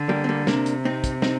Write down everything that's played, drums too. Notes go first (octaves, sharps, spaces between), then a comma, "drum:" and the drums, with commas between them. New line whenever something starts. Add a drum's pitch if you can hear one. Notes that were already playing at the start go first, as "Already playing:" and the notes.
Already playing: D3
G3 A#3
C4
G3 A#3
C3 A#3 D4, drum: snare
drum: hi-hat
C4 D#4
drum: kick, hi-hat
C4 D#4, drum: snare